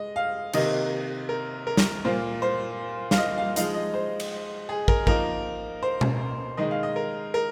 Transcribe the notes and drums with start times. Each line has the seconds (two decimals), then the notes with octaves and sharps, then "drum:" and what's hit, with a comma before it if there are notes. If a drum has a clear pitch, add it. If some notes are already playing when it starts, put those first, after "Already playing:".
Already playing: G#3 D#5
0.16 F5
0.53 C3 D#3 A#3 D#4 D#5, drum: cymbal
1.29 A#4
1.67 A#4
1.77 drum: snare
2.05 A#2 A#3 F4 C5
2.42 C5
3.11 F5, drum: snare
3.18 D#5
3.38 F5
3.56 F3 G#3 D#4 F5, drum: hi-hat
3.74 D#5
3.94 C5
4.20 drum: cymbal
4.69 G#4
4.88 A#4, drum: kick
5.07 F3 A#3 D#4 A#4, drum: kick
5.83 C5
6.01 drum: tom B2
6.57 D#3 G#3 D#4 D#5
6.71 F5
6.83 D#5
6.96 A#4
7.34 A#4